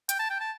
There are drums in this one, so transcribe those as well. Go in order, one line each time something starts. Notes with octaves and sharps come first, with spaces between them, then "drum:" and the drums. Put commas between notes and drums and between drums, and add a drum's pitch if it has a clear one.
G5, drum: hi-hat
A5
G5
A5